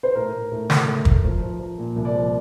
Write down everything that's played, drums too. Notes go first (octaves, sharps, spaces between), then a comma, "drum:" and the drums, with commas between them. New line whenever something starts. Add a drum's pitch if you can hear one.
C5
A2 A#4
A2
A2
A3, drum: snare
A3
A3, drum: kick
F3
F3
F3
A#2
C2
D5
F3